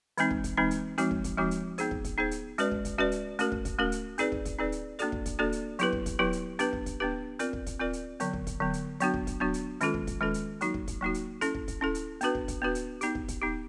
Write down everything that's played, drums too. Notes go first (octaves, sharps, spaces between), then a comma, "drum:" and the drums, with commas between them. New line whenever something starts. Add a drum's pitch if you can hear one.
E3 G#3 C4 D#4, drum: hi-hat
drum: kick
drum: kick, hi-hat
E3 G#3 C4 D#4
drum: hi-hat
F3 G#3 C4 D#4 F#4, drum: hi-hat
drum: kick
drum: kick, hi-hat
F3 G#3 C4 D#4 F#4
drum: hi-hat
B3 D#4 G#4 C5, drum: hi-hat
drum: kick
drum: kick, hi-hat
B3 D#4 G#4 C5
drum: hi-hat
G#3 C#4 F#4 B4 D5, drum: hi-hat
drum: kick
drum: kick, hi-hat
G#3 C#4 F#4 B4 D5
drum: hi-hat
A3 C#4 F#4 A#4, drum: hi-hat
drum: kick
drum: kick, hi-hat
A3 C#4 F#4 A#4
drum: hi-hat
C4 D#4 G#4 B4 D5, drum: hi-hat
drum: kick
drum: kick, hi-hat
C4 D#4 G#4 B4 D5
drum: hi-hat
A#3 D4 F#4 A4 D5, drum: hi-hat
drum: kick
drum: kick, hi-hat
A#3 D4 F#4 A4 D5
drum: hi-hat
F#3 B3 E4 G4 B4, drum: hi-hat
drum: kick
drum: kick, hi-hat
F#3 B3 E4 G4 B4
drum: hi-hat
B3 D4 G4 B4, drum: hi-hat
drum: kick
drum: kick, hi-hat
B3 D4 G4 B4
C4 F4 A#4 D5, drum: hi-hat
drum: kick
drum: kick, hi-hat
C4 F4 A#4 D5
drum: hi-hat
D3 F#3 B3, drum: hi-hat
drum: kick
drum: kick, hi-hat
D3 F#3 B3
drum: hi-hat
F#3 B3 D4 F#4, drum: hi-hat
drum: kick
drum: kick, hi-hat
F#3 B3 D4 F#4
drum: hi-hat
D#3 G#3 C#4 F4 A4, drum: hi-hat
drum: kick
drum: kick, hi-hat
D#3 G#3 C#4 F4 A4
drum: hi-hat
F#3 A#3 D#4 F#4, drum: hi-hat
drum: kick
drum: kick, hi-hat
F#3 A#3 D#4 F#4
drum: hi-hat
C#4 E4 A4, drum: hi-hat
drum: kick
drum: kick, hi-hat
C#4 E4 A4
drum: hi-hat
B3 D4 F#4 B4, drum: hi-hat
drum: kick
drum: kick, hi-hat
B3 D4 F#4 B4
drum: hi-hat
B3 D#4 G4, drum: hi-hat
drum: kick
drum: kick, hi-hat
B3 D#4 G4